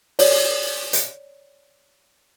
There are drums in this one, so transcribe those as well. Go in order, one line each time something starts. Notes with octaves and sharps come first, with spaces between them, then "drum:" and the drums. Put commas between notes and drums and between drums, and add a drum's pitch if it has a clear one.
C#5 D5, drum: open hi-hat
drum: hi-hat